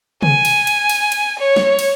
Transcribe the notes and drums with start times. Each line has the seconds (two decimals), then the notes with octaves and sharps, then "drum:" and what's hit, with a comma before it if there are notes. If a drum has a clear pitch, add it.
0.22 G#5, drum: tom
0.45 drum: cymbal
0.67 drum: cymbal
0.89 drum: cymbal
1.12 drum: cymbal
1.39 C#5
1.56 drum: snare
1.79 drum: cymbal